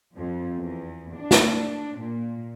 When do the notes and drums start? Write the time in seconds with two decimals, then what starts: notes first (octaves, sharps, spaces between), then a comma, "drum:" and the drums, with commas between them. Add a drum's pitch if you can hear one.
0.15 F2
0.58 E2
1.15 D4
1.31 drum: snare
1.97 A#2